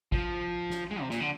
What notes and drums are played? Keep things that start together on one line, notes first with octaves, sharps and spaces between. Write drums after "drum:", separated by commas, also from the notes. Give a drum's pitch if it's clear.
F3, drum: kick
drum: snare
G#3
C3
A#2, drum: snare
D3